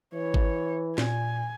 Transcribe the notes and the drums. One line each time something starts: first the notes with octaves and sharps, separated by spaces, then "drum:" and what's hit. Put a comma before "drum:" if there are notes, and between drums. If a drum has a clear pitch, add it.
E3 C#5
drum: kick G#1
A#2 G#5, drum: snare